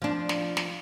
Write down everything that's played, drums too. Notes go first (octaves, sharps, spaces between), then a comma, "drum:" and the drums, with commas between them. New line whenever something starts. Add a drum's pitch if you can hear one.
F3 D4
drum: snare
drum: snare